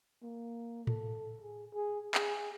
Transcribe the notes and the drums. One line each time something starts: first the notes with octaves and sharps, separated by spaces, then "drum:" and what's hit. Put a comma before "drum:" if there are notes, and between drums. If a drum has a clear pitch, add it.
A#3
A4, drum: tom A2
G#4
G#4
G#4, drum: clap